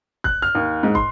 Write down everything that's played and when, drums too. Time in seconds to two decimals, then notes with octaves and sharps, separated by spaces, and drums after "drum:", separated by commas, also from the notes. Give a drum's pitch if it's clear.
0.24 F#6, drum: kick
0.42 F6
0.55 D#2
0.83 G#2
0.95 C6, drum: kick